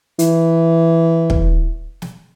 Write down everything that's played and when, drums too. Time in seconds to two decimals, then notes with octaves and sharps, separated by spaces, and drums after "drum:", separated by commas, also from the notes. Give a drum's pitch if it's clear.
0.19 E3, drum: hi-hat
1.30 drum: kick
2.02 drum: snare